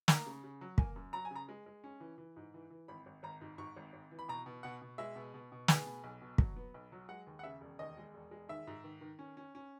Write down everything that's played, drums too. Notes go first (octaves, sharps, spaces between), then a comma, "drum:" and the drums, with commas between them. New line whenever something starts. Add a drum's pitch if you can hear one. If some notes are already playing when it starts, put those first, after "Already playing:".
A#3 A#5, drum: snare
C#3
C#3
F#3
A#3 G#5, drum: kick
F#2
F#3 A#5
G#5
C#3 A#5
G#3
G#3
C#4
E3
E3
G#2
E3
E3
G#1 B5
G#1
G#1 A#5
G#2
G#2 C#6
G#1
G#1
E3
B5
B2 A#5
B2
B2 F#5
B2
G#3 E5
B2
B2
B2
B3 G#4, drum: snare
B2
B1
B2
F#3, drum: kick
B3
B1
F#3
G#3 F#5
D#2
F#5
C#3 E5
E1
D#2 D#5
G#3
E1
G#3
D#3 E5
G#2
D#3
D#3
C#4
C#4
C#4